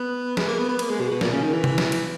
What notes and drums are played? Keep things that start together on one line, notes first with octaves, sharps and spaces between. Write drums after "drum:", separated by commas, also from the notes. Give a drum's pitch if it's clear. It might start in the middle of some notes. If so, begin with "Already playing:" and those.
Already playing: B3
G#3, drum: snare
A#3
B3
B3
A#3, drum: cymbal
G#3
B2
B2
A#2, drum: snare
C#3
D#3
E3
drum: tom C3
drum: snare
drum: cymbal